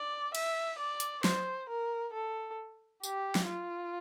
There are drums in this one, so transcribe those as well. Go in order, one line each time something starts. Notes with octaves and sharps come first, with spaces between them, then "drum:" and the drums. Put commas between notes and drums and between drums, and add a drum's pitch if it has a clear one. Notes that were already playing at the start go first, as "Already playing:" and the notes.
Already playing: D5
E5, drum: cymbal
D5
drum: hi-hat
C5, drum: snare
A#4
A4
G4, drum: tambourine
drum: snare
F4